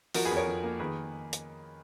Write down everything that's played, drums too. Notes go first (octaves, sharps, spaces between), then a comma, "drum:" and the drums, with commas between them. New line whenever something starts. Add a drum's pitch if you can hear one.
F3 F#4 A#4, drum: open hi-hat
G#4 B4
F2
A#4 C#5
F2
A#3
D#3 G#4 B4
drum: hi-hat